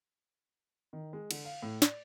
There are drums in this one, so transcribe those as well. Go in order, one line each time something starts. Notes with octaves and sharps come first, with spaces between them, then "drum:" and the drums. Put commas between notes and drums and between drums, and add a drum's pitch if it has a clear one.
D#3
G#3
D3, drum: cymbal
F5
A2
D5, drum: snare